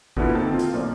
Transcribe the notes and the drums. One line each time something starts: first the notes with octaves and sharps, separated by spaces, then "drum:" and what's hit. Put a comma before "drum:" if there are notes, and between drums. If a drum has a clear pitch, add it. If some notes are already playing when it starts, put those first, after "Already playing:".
B2 D3 A#3 B3 E4 F4, drum: kick G#1
A#3 C4 D#4 A4 A5
D#3 C4 F4
drum: hi-hat
B1 A#3 C5 D5